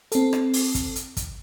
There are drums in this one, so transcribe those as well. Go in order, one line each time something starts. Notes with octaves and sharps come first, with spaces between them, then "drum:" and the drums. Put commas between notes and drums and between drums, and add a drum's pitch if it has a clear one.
C4 A4, drum: hi-hat
drum: rim click
drum: open hi-hat
drum: kick, hi-hat
drum: hi-hat
drum: kick, hi-hat